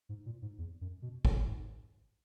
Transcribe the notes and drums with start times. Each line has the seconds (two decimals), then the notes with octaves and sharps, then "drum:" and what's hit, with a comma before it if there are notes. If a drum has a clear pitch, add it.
0.09 G#2
0.26 A#2
0.42 G#2
0.58 E2
0.81 F#2
1.02 B2
1.25 A#2, drum: kick
1.47 G#2